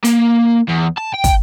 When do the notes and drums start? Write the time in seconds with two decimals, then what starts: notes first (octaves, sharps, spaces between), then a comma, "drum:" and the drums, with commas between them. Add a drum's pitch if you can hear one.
0.04 A#3, drum: hi-hat
0.68 E2
0.98 A5
1.14 G5
1.24 drum: kick, hi-hat